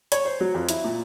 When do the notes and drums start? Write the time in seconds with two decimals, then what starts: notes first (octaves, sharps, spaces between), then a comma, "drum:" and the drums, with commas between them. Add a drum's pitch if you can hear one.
0.12 C#5, drum: hi-hat
0.25 C5
0.40 F#3
0.54 F2
0.69 E4, drum: hi-hat
0.84 A#2